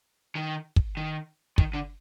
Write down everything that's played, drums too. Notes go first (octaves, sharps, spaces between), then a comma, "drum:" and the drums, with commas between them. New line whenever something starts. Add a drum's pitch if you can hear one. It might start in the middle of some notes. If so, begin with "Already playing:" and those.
D#3
drum: kick
D#3
D#3, drum: kick
D3